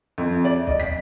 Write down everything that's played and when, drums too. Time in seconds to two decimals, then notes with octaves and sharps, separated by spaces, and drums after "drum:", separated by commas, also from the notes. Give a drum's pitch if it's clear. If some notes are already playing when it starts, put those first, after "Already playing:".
0.18 F2
0.45 D5
0.67 D#5, drum: kick
0.80 B6, drum: tom